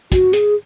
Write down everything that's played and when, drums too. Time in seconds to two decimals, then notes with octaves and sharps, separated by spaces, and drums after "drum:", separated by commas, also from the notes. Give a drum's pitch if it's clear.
0.12 F#4, drum: kick, hi-hat
0.33 G#4, drum: hi-hat